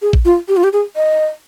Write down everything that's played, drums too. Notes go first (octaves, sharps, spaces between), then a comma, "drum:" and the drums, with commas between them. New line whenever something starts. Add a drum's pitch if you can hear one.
G#4
drum: kick A1
F4
G4
F4
G4
G#4
D#5